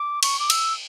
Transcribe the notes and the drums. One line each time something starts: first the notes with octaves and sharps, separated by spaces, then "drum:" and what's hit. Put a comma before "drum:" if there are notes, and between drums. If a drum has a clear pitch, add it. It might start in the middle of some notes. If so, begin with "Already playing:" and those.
Already playing: D6
C#6, drum: cymbal
D6
E6, drum: cymbal